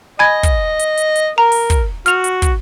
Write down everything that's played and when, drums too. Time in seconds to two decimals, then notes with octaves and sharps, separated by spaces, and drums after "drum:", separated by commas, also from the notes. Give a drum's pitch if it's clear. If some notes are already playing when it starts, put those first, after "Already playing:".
0.19 D#5 G#5 B5 G#6
0.43 drum: kick, hi-hat
0.79 drum: hi-hat
0.97 drum: hi-hat
1.16 drum: hi-hat
1.38 A#4 A#5
1.52 drum: open hi-hat
1.70 drum: kick, hi-hat
2.06 F#4 F6 F7, drum: hi-hat
2.24 drum: hi-hat
2.42 drum: kick, hi-hat